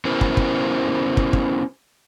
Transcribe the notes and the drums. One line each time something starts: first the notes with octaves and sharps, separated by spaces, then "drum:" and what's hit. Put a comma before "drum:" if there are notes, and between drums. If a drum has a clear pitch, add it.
B3 C#4 E4 G4 A#4 C5
drum: kick
drum: kick
drum: kick
drum: kick